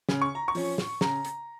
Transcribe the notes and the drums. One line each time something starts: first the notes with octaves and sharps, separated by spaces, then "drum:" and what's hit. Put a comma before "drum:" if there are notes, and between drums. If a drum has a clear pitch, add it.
C#3, drum: snare
C#6
A#5
C#6
F3 C#4, drum: open hi-hat
drum: snare
C#3 A#5, drum: snare
drum: hi-hat